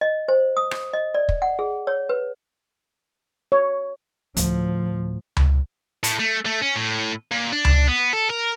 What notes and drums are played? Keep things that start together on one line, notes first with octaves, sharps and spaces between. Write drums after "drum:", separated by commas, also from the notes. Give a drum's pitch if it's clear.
D#5
C5
D#6
drum: rim click
D#5
D5
drum: kick
F#5
G#4
C#5
B4
C#5
D2 A2 F3, drum: hi-hat
drum: tom C#2
A2, drum: hi-hat
A3
A3
C#4
A2
A#2
D4
drum: tom C#2
B3
A4
A#4